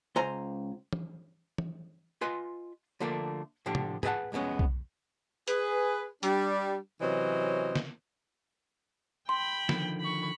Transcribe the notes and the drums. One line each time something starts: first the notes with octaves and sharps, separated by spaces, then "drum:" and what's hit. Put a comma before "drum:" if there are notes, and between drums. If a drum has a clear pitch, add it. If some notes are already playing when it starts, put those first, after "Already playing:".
C#2 C5 G#5 A#5
drum: tom E3
drum: tom E3
F4 B4 D#5 G#5 C6
D3 F3 A3 A#3 D4
A2 D3 F3 D4 G4
drum: tom
G#4 B4 D#5 E5 F#5 A5, drum: tom
C2 F2 G#3 B3 C#4
drum: kick B1
G#4 B4, drum: hi-hat
G3 D4, drum: hi-hat
C3 E3 F#3 C#4 C5 D#5
drum: snare
G5 B5 C6
D3 D#3 F3, drum: snare
B5 C#6